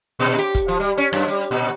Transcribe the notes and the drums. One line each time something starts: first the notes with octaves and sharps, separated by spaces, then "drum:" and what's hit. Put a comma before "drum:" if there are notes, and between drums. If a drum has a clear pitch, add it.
A#2
G4, drum: hi-hat
drum: kick, hi-hat
F3, drum: hi-hat
G3
C#4, drum: hi-hat
F#2, drum: rim click
G3, drum: hi-hat
drum: hi-hat
A#2